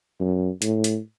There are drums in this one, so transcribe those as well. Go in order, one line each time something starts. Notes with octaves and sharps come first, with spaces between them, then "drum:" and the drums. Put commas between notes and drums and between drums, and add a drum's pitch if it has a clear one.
F#2
A2, drum: hi-hat
drum: hi-hat